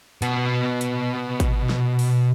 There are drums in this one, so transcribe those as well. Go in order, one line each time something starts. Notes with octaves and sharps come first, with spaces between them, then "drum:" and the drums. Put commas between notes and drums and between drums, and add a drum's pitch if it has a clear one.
B2 B3, drum: hi-hat
drum: hi-hat
drum: kick G#1, hi-hat
drum: snare
drum: open hi-hat